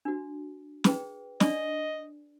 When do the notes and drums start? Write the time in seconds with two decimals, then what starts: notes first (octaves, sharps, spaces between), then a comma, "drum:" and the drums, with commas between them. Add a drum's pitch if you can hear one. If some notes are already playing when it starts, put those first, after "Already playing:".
0.05 D4 F#4
0.84 G#4 B4 G5, drum: snare
1.40 D4 D5 D#5, drum: snare